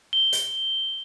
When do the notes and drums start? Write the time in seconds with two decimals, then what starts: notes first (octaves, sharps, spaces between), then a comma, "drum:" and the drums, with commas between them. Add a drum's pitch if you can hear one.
0.13 G7
0.33 drum: hi-hat